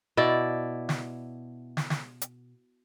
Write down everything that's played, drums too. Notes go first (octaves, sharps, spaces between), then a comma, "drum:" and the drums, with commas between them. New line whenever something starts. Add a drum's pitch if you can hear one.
B2 E4 D5
drum: snare
drum: snare
drum: snare
drum: hi-hat